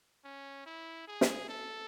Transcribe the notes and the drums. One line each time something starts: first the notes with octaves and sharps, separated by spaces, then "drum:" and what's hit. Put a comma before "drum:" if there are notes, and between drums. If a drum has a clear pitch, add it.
C#4
E4
G#4
drum: snare
A4